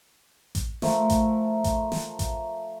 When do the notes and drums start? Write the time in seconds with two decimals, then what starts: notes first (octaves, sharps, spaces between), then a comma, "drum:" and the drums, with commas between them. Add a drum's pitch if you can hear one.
0.55 drum: kick A1, hi-hat
0.82 F3 A3 A#4, drum: snare
1.10 drum: kick A1, hi-hat
1.64 drum: kick A1, hi-hat
1.92 drum: snare
2.19 drum: kick A1, hi-hat